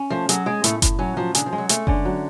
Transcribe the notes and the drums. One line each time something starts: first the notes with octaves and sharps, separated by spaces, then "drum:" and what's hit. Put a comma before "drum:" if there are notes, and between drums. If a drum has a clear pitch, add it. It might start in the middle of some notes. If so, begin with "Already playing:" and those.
Already playing: C#4
F3 A3
F#3 G#4, drum: hi-hat
G#3 G#4
A2 A3, drum: hi-hat
A2, drum: kick F#1, hi-hat
F#3 C#4
F3 F#3
D3 G#4, drum: hi-hat
F3
G#3
F#3
G#3 A3, drum: hi-hat
D3 C#4, drum: kick F#1
F#3